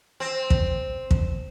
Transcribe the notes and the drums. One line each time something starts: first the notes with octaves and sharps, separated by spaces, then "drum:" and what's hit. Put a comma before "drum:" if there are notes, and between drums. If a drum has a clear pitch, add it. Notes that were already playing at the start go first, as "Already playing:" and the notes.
C4
drum: kick
drum: kick